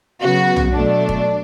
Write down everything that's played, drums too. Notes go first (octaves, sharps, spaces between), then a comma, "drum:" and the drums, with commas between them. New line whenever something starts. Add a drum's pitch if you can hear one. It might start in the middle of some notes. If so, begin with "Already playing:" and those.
C#3 F#3 B3 F#4
drum: tom B1
B2 F#3 A3 D4
drum: kick